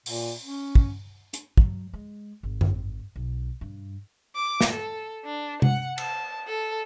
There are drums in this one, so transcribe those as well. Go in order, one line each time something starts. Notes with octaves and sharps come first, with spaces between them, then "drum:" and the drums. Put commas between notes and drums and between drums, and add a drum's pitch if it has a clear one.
A#2, drum: open hi-hat
C#4
drum: kick
drum: hi-hat
F#3, drum: kick
G#3
G#1
drum: tom F#2
B1
G2
D6
drum: snare
A4
D4
F#5, drum: tom C3
A5, drum: cymbal
A4